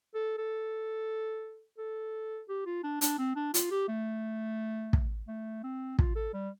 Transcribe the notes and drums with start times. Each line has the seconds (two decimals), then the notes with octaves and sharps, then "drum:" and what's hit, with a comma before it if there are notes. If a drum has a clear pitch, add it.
0.15 A4
0.38 A4
1.78 A4
2.49 G4
2.66 F4
2.84 D4
3.01 D4, drum: hi-hat
3.19 C4
3.36 D4
3.54 F4, drum: hi-hat
3.71 G4
3.88 A3
4.93 drum: kick
5.28 A3
5.64 C4
5.99 F4, drum: kick
6.16 A4
6.33 G3